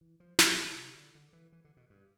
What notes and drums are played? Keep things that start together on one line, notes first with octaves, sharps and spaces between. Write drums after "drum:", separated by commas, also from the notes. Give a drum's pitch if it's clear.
E3
F3
E3, drum: snare
D3
B2
C3
D3
D3
E3
E3
D3
B2
G2